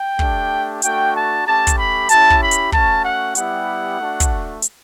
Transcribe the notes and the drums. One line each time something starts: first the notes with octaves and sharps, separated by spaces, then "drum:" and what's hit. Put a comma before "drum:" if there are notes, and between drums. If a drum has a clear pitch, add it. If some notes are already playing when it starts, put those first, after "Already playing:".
Already playing: G5
A3 D4 G4, drum: kick
A3 D4 F#4 G5, drum: hi-hat
A5
A3 C#4 G4 A5
drum: kick, hi-hat
B5
C#4 E4 G4 A5, drum: hi-hat
drum: kick
B5
drum: hi-hat
A3 C#4 F#4 A5, drum: kick
F#5
G3 B3 E4 G4 F#5, drum: hi-hat
A3 D4 F#4
drum: kick, hi-hat
drum: hi-hat